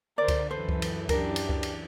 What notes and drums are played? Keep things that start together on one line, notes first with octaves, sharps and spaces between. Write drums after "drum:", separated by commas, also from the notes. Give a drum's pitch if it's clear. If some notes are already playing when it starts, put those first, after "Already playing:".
D3 A#4 C5 D5
drum: kick C#2, cymbal
F#2 E3 A4 B4 C5
drum: kick C#2
drum: cymbal
D4 G4 A#4, drum: kick C#2, cymbal
drum: cymbal
drum: kick C#2
drum: cymbal